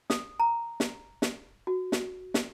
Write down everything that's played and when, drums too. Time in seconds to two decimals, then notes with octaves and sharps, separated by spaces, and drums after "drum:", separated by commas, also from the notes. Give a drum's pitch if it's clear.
0.10 D#6, drum: snare
0.40 A#5
0.80 drum: snare
1.22 drum: snare
1.67 F#4
1.92 drum: snare
2.34 drum: snare